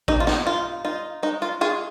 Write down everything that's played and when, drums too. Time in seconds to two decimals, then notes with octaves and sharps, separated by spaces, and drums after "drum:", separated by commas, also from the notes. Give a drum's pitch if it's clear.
0.08 G3 D#4, drum: kick A1
0.20 F4
0.27 D#4, drum: snare
0.46 D#4 F4
0.85 D#4 F4
1.23 G#3 D#4
1.42 F4
1.61 D#4 F4 G#4